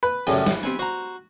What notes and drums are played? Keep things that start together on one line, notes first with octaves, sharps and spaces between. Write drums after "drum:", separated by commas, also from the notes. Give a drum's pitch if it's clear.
B4
A1 F#2 A2 C#3 G3 G#4
drum: snare
B3 C4 G4 G#5
F#4 C5 A#5